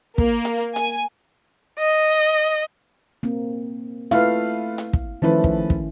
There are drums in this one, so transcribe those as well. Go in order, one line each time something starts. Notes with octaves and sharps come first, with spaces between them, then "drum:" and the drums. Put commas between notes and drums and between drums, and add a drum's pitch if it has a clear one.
A#3, drum: kick
drum: hi-hat
G#5, drum: hi-hat
D#5
A#3 C4
A3 E4 F4 B4 F5, drum: hi-hat
drum: hi-hat
drum: kick
D#3 F3 A3 C#4 E4 B4
drum: kick
drum: kick